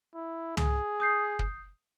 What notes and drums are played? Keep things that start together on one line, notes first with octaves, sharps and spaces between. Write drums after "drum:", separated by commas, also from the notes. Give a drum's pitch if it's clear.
E4
G#4, drum: tom
D#6 G6 C7
drum: kick